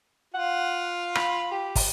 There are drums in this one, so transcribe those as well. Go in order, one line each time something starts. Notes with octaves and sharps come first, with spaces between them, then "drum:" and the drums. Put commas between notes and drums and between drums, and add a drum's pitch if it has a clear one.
F4 F#5
B5, drum: rim click
G4
drum: kick, open hi-hat